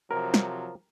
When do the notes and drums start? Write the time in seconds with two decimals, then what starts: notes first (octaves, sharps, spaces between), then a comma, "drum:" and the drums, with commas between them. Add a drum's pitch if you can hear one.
0.11 C3 F3 F#3 A#4
0.34 drum: snare